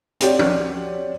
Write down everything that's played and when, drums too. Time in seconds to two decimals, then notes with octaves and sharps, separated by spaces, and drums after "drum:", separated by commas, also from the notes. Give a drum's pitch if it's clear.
0.20 C4 F#4 G4 C#5 D5, drum: hi-hat
0.39 drum: tom